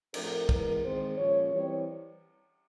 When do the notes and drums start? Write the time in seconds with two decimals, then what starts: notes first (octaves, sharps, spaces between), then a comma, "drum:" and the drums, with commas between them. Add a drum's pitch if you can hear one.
0.14 A2 F3 A3 C4 A#4, drum: cymbal
0.49 E3 G#3 B3 A#4, drum: kick
0.83 D#3 G#3 C4 C5
1.17 A#2 F3 G#3 C#4 C#5
1.52 E3 G3 C4 C#5